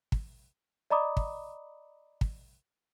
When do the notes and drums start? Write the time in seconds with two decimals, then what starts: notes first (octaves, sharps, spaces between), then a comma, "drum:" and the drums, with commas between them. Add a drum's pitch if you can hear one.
0.12 drum: kick
0.90 D5 D#5 A#5 B5 D6 D#6
1.17 drum: kick
2.21 drum: kick